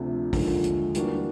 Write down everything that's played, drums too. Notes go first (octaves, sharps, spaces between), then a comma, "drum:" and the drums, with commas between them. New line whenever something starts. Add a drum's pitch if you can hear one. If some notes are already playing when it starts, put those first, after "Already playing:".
Already playing: D2 C3 F3 A3 D4
D#2 D3 F3 G#3, drum: kick, open hi-hat
drum: hi-hat
E3 G3 A#3 D4 F#4, drum: hi-hat